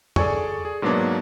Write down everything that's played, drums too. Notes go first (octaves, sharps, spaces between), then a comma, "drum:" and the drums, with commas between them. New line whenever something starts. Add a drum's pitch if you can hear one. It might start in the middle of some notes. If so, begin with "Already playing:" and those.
G#4 A4 D5 G#5 C#6, drum: tom E2
G#4
G#2 B2 F#3 A#3 B3 D4